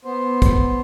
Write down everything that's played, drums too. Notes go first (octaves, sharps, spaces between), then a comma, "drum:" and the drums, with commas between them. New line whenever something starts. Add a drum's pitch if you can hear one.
B3 C5
drum: kick, hi-hat